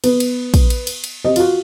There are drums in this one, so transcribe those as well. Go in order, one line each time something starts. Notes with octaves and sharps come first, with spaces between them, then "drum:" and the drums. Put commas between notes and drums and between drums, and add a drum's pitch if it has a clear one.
B3, drum: cymbal
drum: cymbal
drum: kick, cymbal
drum: cymbal
drum: cymbal
drum: cymbal
C4 G4 D#5
F4 F#4, drum: cymbal